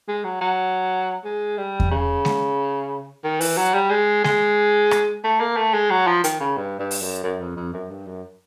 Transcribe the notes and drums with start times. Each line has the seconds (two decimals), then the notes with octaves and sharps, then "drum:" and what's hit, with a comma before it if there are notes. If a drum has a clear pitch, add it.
0.08 G#3
0.24 F#3
0.41 F#3
1.25 G#3
1.58 G3
1.80 drum: kick E2
1.91 C#3
2.25 drum: snare G#3
3.24 D#3
3.41 E3, drum: open hi-hat
3.58 F#3
3.74 G3
3.90 G#3
4.24 G#3, drum: snare G#3
4.91 drum: rim click
5.24 A3
5.40 A#3
5.57 A3
5.74 G#3
5.90 F#3
6.07 F3
6.24 D#3, drum: hi-hat
6.40 C#3
6.57 G2
6.79 G2
6.91 drum: open hi-hat
7.01 F#2
7.24 F#2
7.40 F2
7.57 F2
7.73 F#2
7.91 G2
8.07 F#2